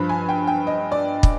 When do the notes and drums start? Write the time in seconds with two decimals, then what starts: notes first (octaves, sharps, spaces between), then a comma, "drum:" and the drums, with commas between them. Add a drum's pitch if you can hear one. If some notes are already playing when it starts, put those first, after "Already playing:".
Already playing: G2 F3 B5
0.09 G#5
0.29 G5
0.47 G5
0.67 D#5
0.92 D5
1.23 drum: kick